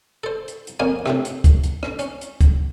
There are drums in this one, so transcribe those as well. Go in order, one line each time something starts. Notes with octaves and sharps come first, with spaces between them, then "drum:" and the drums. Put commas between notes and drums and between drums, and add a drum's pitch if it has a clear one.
A4 C5
drum: hi-hat
drum: hi-hat
F2 A#3 C#4 G#5
A2 C3, drum: rim click
drum: hi-hat
drum: kick, hi-hat
drum: hi-hat
drum: rim click
C#4, drum: hi-hat
drum: hi-hat
drum: kick, hi-hat